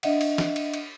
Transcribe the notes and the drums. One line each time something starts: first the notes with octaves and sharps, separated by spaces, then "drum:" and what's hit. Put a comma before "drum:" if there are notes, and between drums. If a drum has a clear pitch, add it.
D4 D#5 E5 F#5, drum: cymbal
drum: cymbal
drum: snare
drum: cymbal
drum: cymbal